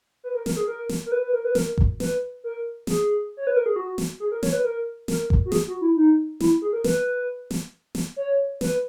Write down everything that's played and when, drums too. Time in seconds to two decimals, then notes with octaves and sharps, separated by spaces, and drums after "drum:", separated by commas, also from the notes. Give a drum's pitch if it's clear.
0.24 B4
0.34 A#4
0.46 A#4, drum: snare
0.56 G#4
0.68 A#4
0.89 drum: snare
1.06 A#4
1.12 B4
1.22 B4
1.33 A#4
1.45 B4
1.55 A#4, drum: snare
1.78 drum: kick G#1
2.00 B4, drum: snare
2.44 A#4
2.87 G#4, drum: snare
3.37 C#5
3.47 B4
3.56 A#4
3.66 G#4
3.76 F#4
3.98 drum: snare
4.20 G#4
4.32 A#4
4.43 C#5, drum: snare
4.53 B4
4.64 A#4
5.08 A#4, drum: snare
5.30 drum: kick G#1
5.46 F#4
5.52 G#4, drum: snare
5.67 F#4
5.81 E4
5.96 D#4
6.40 E4, drum: snare
6.62 G#4
6.73 A#4
6.84 B4, drum: snare
7.51 drum: snare
7.95 drum: snare
8.16 C#5
8.61 B4, drum: snare